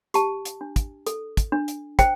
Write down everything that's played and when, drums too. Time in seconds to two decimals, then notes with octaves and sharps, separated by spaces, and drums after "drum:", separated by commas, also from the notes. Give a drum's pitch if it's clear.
0.14 G4 A5, drum: hi-hat
0.45 drum: hi-hat
0.61 D4
0.76 drum: kick, hi-hat
1.06 A4, drum: hi-hat
1.37 drum: kick, hi-hat
1.52 D4
1.68 drum: hi-hat
1.99 C5 G5, drum: kick, hi-hat